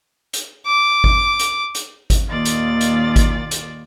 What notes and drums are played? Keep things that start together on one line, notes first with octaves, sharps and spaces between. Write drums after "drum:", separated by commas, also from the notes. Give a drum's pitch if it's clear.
drum: hi-hat
D6
drum: kick G#1
drum: hi-hat
drum: hi-hat
drum: kick G#1, hi-hat
D#2 A#2 D#3 F4 D5 A6
drum: hi-hat
drum: hi-hat
drum: kick G#1, hi-hat
drum: hi-hat